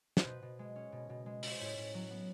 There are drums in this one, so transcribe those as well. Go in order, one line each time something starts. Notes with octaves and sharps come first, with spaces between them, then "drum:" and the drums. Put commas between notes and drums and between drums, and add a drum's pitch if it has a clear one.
C5, drum: snare
B2 B4
B2
G#3
C#4
B2
B2
G#3
C#4, drum: open hi-hat
C5
A2 C#5
A2
F#3
B3